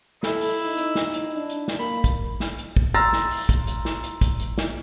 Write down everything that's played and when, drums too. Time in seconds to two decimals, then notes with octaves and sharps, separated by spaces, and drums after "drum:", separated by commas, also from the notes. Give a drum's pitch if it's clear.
0.23 E4 A4, drum: snare
0.41 drum: open hi-hat
0.66 D#4
0.77 drum: hi-hat
0.95 drum: snare
1.14 drum: hi-hat
1.36 D4
1.50 drum: hi-hat
1.68 drum: snare
1.79 A#3 B5
2.04 drum: kick, hi-hat
2.40 drum: snare
2.58 drum: hi-hat
2.77 drum: kick
2.94 A#5 C6 E6 F6 A6 A#6
3.13 drum: snare
3.31 drum: open hi-hat
3.49 drum: kick, hi-hat
3.67 drum: hi-hat
3.85 drum: snare
4.03 drum: hi-hat
4.21 drum: kick, hi-hat
4.40 drum: hi-hat
4.58 drum: snare